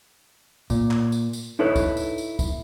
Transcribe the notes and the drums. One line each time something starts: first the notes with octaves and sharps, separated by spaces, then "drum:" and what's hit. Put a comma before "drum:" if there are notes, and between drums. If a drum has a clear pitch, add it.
A#2, drum: kick C2, tambourine
drum: clap
drum: tambourine
drum: tambourine
D#4 E4 A4 B4 C#5
drum: kick C2, tambourine
drum: tambourine
drum: tambourine
drum: kick C2, tambourine